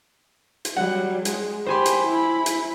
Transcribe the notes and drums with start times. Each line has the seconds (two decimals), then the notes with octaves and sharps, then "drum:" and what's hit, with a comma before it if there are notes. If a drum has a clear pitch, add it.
0.65 drum: hi-hat
0.76 F#3 G3 F#5
1.25 G#3, drum: hi-hat
1.66 G4 C5 G#5 B5 C6
1.86 drum: hi-hat
2.07 E4 B5
2.46 drum: hi-hat